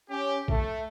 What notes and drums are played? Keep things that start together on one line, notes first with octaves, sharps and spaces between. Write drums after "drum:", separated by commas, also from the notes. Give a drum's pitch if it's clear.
C#4 G4
A3, drum: kick